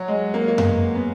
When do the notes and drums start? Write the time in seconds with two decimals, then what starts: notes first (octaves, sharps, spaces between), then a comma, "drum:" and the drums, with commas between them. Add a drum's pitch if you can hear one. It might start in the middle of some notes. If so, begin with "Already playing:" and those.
Already playing: F#3
0.08 G#3
0.34 A#3
0.48 A#3
0.58 B3, drum: tom F#2
0.95 B3